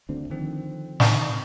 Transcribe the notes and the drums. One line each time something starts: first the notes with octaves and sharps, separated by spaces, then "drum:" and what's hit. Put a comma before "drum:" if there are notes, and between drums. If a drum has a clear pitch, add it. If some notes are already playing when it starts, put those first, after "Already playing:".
D2 D3 C4
D3 D#3 F3 C4
D#3 C4, drum: snare